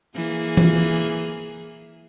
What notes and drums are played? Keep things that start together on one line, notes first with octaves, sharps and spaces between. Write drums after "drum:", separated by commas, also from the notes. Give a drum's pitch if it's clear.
E3 A#3 G#4
drum: tom E3